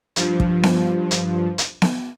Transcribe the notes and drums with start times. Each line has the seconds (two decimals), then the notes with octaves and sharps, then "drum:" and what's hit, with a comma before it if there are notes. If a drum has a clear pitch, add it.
0.16 G2 F3, drum: hi-hat
0.40 drum: kick
0.63 drum: snare B3
1.11 drum: hi-hat
1.58 drum: hi-hat
1.82 drum: snare B3